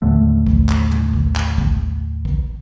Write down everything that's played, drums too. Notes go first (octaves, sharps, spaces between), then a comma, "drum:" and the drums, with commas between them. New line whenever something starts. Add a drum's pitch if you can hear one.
D#2 A2 D3 A3
drum: kick
drum: clap
drum: tom
drum: kick
drum: clap
drum: kick
drum: kick